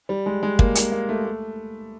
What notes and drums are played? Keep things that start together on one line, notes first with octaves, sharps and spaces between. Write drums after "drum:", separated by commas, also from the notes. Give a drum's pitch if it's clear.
G3
G#3
G#3
A#3, drum: kick
A#3, drum: hi-hat
A#3
A3
A3